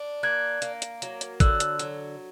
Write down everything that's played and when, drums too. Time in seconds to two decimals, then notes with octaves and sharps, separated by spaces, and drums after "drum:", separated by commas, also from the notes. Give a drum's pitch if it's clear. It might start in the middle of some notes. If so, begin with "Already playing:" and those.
Already playing: D4
0.23 A#3 F#6 G#6
0.62 A#3, drum: hi-hat
0.82 drum: hi-hat
1.02 F#3, drum: hi-hat
1.21 drum: hi-hat
1.40 D3 E6 F#6, drum: kick, hi-hat
1.60 drum: hi-hat
1.79 F#3, drum: hi-hat